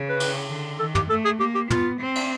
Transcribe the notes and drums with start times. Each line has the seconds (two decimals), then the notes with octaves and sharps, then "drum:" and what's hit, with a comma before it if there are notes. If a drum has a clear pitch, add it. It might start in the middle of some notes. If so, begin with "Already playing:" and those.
Already playing: C#3
0.09 B4
0.20 drum: cymbal
0.50 D3
0.79 D#3 A4
0.95 G4, drum: tom
1.10 A3 A4
1.25 G#4
1.40 A#3 G4
1.55 G4
1.70 B3 F4, drum: tom
2.00 C4
2.15 drum: cymbal